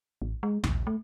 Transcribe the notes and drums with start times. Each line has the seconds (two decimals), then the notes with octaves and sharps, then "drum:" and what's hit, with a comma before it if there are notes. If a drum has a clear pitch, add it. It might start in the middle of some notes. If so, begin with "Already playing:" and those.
0.22 A1
0.43 G#3
0.64 A#1, drum: tom D#2
0.87 A3